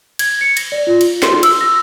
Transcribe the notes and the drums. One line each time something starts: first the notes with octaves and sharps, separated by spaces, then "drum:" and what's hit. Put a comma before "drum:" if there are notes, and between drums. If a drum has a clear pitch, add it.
G#6, drum: cymbal
C#7
A#6, drum: cymbal
D5
F4
drum: cymbal
C6, drum: snare
E6, drum: cymbal
A#6